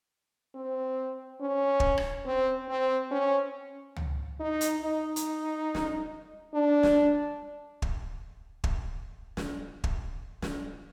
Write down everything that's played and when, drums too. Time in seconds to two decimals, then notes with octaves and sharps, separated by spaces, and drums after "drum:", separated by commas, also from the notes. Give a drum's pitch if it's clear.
0.55 C4
1.41 C#4
1.80 drum: kick
1.98 drum: rim click
2.26 C4
2.69 C4
3.11 C#4
3.96 drum: tom
4.40 D#4
4.61 drum: hi-hat
4.83 D#4
5.16 drum: hi-hat
5.75 drum: snare
6.54 D4
6.83 drum: snare
7.82 drum: kick
8.64 drum: kick
9.37 drum: snare
9.84 drum: kick
10.42 drum: snare